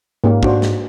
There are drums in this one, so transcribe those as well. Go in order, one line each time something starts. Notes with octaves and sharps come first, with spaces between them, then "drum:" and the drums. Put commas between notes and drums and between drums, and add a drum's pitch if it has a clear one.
G#2 A#3 C#4 G4
D4 F#4 C5, drum: kick
drum: snare